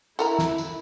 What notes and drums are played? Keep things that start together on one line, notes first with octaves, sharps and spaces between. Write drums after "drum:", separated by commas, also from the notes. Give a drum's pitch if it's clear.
E4 A4 A#4 A#5, drum: tambourine
drum: snare
drum: tambourine